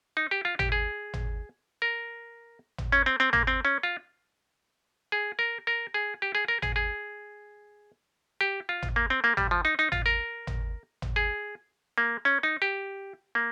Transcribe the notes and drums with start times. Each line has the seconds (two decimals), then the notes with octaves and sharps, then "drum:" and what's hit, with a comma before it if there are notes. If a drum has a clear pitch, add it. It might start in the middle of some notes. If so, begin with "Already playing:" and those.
0.17 D#4
0.31 G4
0.45 F4
0.59 G4, drum: tom G#1
0.72 G#4
1.13 drum: tom G#1
1.82 A#4
2.78 drum: tom G#1
2.92 C#4
3.06 C4
3.20 C4
3.33 A#3, drum: tom G#1
3.47 C4
3.65 C#4
3.83 F4
5.12 G#4
5.39 A#4
5.67 A#4
5.94 G#4
6.22 G4
6.35 G#4
6.48 A#4
6.62 G#4, drum: tom G#1
6.76 G#4
8.41 G4
8.69 F4
8.82 drum: tom G#1
8.96 A#3
9.10 C4
9.24 A#3
9.37 G3, drum: tom G#1
9.51 F3
9.65 D#4
9.79 D#4
9.92 F4, drum: tom G#1
10.06 A#4
10.47 drum: tom G#1
11.02 drum: tom G#1
11.16 G#4
11.98 A#3
12.25 C#4
12.43 D#4
12.62 G4
13.35 A#3